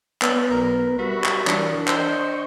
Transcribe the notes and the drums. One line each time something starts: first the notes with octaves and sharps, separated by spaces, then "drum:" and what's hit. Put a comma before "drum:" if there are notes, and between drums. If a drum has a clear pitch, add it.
B3 B4 D5, drum: clap
B1 A#4
G3 F#4 A#4 E5 B5
drum: clap
E3 D4 A#4, drum: clap
C5 D#5 G5 C#6, drum: clap